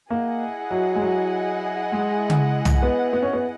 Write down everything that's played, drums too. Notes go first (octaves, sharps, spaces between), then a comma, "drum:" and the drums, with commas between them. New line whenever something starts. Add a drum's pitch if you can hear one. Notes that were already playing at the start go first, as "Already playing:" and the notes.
A#3 E4 G#4 D#5 F#5
F#3
G#3
F#3
G#3
drum: tom C#3
drum: tom
B3
B3
C#4
B3